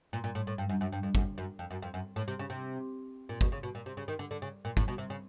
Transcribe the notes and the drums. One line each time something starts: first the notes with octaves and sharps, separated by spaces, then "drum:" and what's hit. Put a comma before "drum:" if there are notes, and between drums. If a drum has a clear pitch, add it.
A#2
A#2
A2
A2
G2
F#2
F#2
G2
F2
F#2, drum: kick
F#2
F2
F#2
F2
F#2
A2
C3
C#3
C3
A#2
B2, drum: kick
C#3
B2
A#2
C3
C#3
D#3
D3
D3
C#3
A#2
A2, drum: kick
B2
C3
C#3